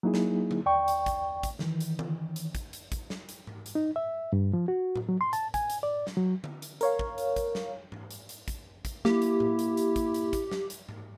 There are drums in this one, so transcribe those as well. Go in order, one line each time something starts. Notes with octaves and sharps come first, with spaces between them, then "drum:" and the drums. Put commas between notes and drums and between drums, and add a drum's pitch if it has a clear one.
F#3 A#3 D#4 E4 G#4
drum: snare
drum: tom D3
D#2 D5 G5 C#6
drum: hi-hat
drum: kick, hi-hat
drum: kick, hi-hat
D#3 E3, drum: snare
drum: hi-hat
drum: tom D3
drum: hi-hat
drum: kick, hi-hat
drum: hi-hat
drum: kick, hi-hat
drum: snare
drum: hi-hat
drum: tom G#2
drum: hi-hat
D#4
E5
G2
F3
F#4
drum: tom A2
F#3
C6
A5, drum: hi-hat
G#5, drum: kick, hi-hat
drum: hi-hat
D5
drum: snare
F#3
drum: tom D3
drum: hi-hat
A#4 C#5 F5, drum: hi-hat
drum: kick
drum: hi-hat
drum: kick, hi-hat
drum: snare
drum: tom G#2
drum: hi-hat
drum: hi-hat
drum: kick, hi-hat
drum: kick, hi-hat
A#3 E4 G4, drum: snare
drum: hi-hat
drum: tom A2
drum: hi-hat
drum: hi-hat
drum: kick, hi-hat
drum: hi-hat
drum: kick, hi-hat
drum: snare
drum: hi-hat
drum: tom G#2